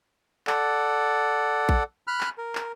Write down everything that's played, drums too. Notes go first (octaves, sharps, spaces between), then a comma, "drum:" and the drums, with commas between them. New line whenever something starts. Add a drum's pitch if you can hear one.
A4 D5 F#5, drum: clap
drum: kick A#1
B5 F6 F#6
drum: clap
A#4
drum: clap